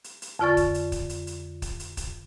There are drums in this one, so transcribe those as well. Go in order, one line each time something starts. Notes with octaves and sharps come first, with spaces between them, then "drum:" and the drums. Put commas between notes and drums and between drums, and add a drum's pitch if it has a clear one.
drum: hi-hat
drum: hi-hat
F2 D3 F4 D5 C#6 A6
drum: kick, hi-hat
drum: hi-hat
drum: kick, hi-hat
drum: hi-hat
drum: hi-hat
drum: kick, hi-hat
drum: hi-hat
drum: kick, hi-hat